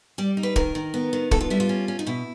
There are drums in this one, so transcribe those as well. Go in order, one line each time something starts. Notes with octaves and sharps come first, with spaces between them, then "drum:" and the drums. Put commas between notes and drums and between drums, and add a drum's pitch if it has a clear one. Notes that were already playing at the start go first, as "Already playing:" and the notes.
G3 D5
D#4
B4
D#3 A#4, drum: kick
D#3
B3
D#3
B3 A4, drum: kick
F4
G3 E4
F4
C#4
C#4
D#4
B2 E4